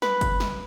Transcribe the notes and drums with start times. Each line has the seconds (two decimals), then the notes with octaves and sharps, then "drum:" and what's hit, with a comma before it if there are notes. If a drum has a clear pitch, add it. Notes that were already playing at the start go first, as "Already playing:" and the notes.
0.02 B4, drum: snare
0.21 drum: kick G1, hi-hat
0.40 drum: snare